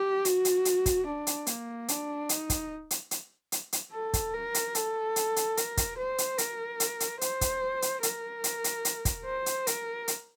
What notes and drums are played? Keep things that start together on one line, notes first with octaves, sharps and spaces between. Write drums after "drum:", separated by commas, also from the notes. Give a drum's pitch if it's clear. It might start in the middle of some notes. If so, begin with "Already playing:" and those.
Already playing: G4
F#4, drum: hi-hat
drum: hi-hat
drum: hi-hat
drum: kick, hi-hat
D4
drum: hi-hat
A#3, drum: hi-hat
D4, drum: hi-hat
D#4, drum: hi-hat
drum: kick, hi-hat
drum: hi-hat
drum: hi-hat
drum: hi-hat
drum: hi-hat
A4
drum: kick, hi-hat
A#4
drum: hi-hat
A4, drum: hi-hat
drum: hi-hat
drum: hi-hat
A#4, drum: hi-hat
drum: kick, hi-hat
C5
drum: hi-hat
A#4, drum: hi-hat
drum: hi-hat
drum: hi-hat
C5, drum: hi-hat
drum: kick, hi-hat
drum: hi-hat
A#4, drum: hi-hat
drum: hi-hat
drum: hi-hat
drum: hi-hat
drum: kick, hi-hat
C5
drum: hi-hat
A#4, drum: hi-hat
drum: hi-hat